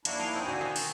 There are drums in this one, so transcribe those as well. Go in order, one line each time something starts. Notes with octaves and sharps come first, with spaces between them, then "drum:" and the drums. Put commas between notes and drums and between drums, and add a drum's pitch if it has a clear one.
D#2 A#3 D4 E4 F#4, drum: hi-hat
D#5 F5 G#5
G#3 C4 D#4
B2 D3 A#3 F#4 G#5
D#3 B3 C4
drum: open hi-hat